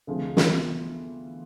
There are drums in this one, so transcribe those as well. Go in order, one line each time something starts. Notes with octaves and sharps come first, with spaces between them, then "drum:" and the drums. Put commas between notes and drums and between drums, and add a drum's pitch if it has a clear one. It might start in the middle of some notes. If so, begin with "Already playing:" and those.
D2 C3 F3 G#3
E3 B3 F4, drum: snare